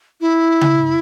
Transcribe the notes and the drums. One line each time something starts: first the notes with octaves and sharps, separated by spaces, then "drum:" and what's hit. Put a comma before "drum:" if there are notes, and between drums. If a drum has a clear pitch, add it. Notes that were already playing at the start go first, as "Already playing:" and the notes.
E4
drum: tom C#3